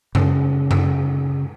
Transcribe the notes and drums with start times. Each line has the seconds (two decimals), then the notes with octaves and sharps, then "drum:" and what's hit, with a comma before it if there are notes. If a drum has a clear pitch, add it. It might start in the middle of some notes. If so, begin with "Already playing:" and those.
0.15 C#3, drum: tom F#2
0.71 drum: tom F#2